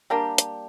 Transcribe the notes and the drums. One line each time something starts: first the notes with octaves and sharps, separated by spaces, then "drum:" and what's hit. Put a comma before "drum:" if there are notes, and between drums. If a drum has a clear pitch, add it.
G3 A#3 D4 G4
drum: hi-hat